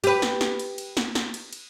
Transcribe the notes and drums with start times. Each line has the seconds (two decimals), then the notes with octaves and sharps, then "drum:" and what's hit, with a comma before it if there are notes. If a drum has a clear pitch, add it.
0.04 G4 B4, drum: cymbal
0.22 drum: snare
0.41 drum: snare
0.59 drum: cymbal
0.78 drum: cymbal
0.97 drum: snare
1.15 drum: snare
1.34 drum: cymbal
1.53 drum: cymbal